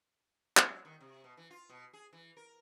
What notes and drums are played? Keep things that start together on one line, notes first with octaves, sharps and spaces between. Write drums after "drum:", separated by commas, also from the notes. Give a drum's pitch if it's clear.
F#3, drum: clap
D#3
C3
B2
E3
F4
B2
G#4
E3
A#4